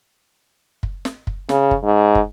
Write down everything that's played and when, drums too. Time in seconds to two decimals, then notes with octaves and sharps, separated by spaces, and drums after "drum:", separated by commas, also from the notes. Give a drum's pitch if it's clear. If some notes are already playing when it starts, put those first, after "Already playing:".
0.83 drum: kick
1.05 drum: snare
1.27 drum: kick
1.49 C#3, drum: snare
1.71 drum: kick
1.83 G#2
2.15 drum: kick